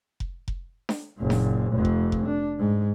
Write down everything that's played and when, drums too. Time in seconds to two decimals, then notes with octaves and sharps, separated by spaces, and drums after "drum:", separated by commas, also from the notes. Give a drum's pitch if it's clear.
0.20 drum: kick F1
0.48 drum: kick F1
0.89 drum: snare D4
1.17 F#1 A#2
1.30 drum: snare D4
1.73 F1 F2
1.85 drum: kick F1
2.12 drum: kick F1
2.26 D4
2.58 G#2